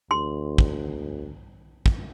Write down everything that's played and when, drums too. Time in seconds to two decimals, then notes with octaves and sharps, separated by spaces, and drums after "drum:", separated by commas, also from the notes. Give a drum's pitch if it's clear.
0.11 D2 C6
0.58 drum: kick
1.86 drum: kick